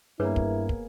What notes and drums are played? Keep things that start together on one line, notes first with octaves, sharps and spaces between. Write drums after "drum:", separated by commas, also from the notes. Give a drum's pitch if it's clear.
G2 A#3 B3 E4 G#4 B4 C#5 G#5
drum: kick
drum: kick